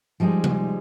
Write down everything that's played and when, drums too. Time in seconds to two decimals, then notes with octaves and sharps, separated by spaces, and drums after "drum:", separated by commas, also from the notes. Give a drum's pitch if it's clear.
0.20 F3 G3 G#3 D#4 G#4
0.44 drum: tom C3